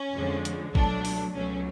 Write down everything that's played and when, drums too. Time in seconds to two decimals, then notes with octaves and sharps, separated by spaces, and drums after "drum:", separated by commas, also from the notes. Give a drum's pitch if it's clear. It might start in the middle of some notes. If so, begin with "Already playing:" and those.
Already playing: C#4
0.15 F2 D3 F3 G#3
0.45 drum: hi-hat
0.75 C#2 B2 F#3 A3 D4, drum: kick A1
1.05 drum: open hi-hat
1.34 C#2 B2 F#3 A3 C#4